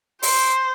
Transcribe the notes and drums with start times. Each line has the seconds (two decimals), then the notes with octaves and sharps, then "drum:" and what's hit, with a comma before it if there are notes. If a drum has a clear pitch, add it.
0.23 C5, drum: open hi-hat